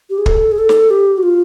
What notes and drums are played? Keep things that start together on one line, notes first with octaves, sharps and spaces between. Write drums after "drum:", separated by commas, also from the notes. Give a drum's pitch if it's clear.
G4
G#4
A4, drum: kick
G#4
A4
drum: snare
G4
F#4
F4